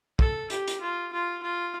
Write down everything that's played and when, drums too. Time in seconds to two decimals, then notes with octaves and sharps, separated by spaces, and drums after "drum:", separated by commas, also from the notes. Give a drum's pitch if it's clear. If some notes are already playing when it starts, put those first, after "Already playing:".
0.19 A4, drum: kick
0.50 G4, drum: hi-hat
0.68 drum: hi-hat
0.81 F4
1.12 F4
1.42 F4